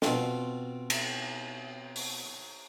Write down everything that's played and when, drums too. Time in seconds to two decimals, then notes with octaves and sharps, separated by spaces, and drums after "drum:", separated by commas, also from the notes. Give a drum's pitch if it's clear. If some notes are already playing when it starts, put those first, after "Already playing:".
0.02 B2 C4 F4, drum: snare
0.90 drum: cymbal
1.96 drum: open hi-hat